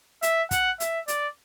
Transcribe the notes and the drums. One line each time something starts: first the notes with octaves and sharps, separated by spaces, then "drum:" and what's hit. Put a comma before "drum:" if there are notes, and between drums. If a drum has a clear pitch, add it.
E5, drum: hi-hat
F#5, drum: kick, hi-hat
E5, drum: hi-hat
D5, drum: hi-hat